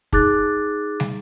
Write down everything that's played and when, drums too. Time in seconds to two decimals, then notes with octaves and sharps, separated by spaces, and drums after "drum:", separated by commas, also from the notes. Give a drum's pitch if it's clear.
0.13 D#4 G#4 D6 F#6 A6, drum: kick
1.00 drum: snare